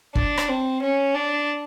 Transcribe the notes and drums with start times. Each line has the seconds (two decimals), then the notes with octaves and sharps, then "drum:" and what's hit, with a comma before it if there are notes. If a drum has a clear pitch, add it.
0.15 D4, drum: kick
0.38 drum: rim click
0.48 C4
0.82 C#4
1.15 D4